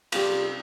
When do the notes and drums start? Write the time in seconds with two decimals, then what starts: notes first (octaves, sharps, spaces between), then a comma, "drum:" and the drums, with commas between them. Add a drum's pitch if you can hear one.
0.12 C3 G3 C4 F4, drum: cymbal